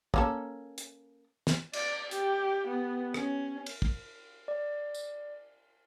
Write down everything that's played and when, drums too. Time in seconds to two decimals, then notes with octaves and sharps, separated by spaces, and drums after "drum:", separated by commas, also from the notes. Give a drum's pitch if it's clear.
0.14 A#3 C#4 A4, drum: kick
0.78 drum: hi-hat
1.47 drum: snare
1.73 D5, drum: cymbal
2.11 G4, drum: hi-hat
2.68 B3
3.14 C#4, drum: rim click
3.66 drum: cymbal
3.82 drum: kick
4.48 D5
4.94 drum: tambourine